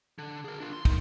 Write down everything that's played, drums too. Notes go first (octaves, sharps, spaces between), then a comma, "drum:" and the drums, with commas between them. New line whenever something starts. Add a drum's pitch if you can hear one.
D3
G#4 A#4
D4 F4
C6
D#3 D#4, drum: kick, cymbal